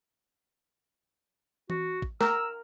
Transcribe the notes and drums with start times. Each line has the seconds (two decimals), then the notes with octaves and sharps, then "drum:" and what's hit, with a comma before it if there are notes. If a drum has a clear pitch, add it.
1.70 F#4, drum: tom E3
2.02 drum: kick
2.21 A#4 E6, drum: snare